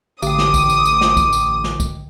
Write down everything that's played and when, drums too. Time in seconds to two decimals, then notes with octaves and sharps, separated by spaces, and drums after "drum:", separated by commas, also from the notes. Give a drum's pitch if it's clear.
0.22 A1 D3 G5 D6 D#6, drum: tambourine
0.38 drum: snare
0.54 drum: kick C2, tambourine
0.70 drum: tambourine
0.85 drum: tambourine
1.01 drum: snare
1.17 drum: kick C2, tambourine
1.33 drum: tambourine
1.64 drum: snare
1.80 drum: kick C2, tambourine